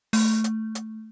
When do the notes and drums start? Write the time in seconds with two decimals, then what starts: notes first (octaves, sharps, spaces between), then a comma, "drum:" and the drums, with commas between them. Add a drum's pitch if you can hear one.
0.13 A3, drum: open hi-hat
0.44 drum: hi-hat
0.75 drum: hi-hat